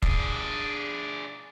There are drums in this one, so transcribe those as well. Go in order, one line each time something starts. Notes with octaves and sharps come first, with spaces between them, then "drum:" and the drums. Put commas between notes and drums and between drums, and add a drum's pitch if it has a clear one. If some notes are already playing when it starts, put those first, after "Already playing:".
D4 G#4, drum: kick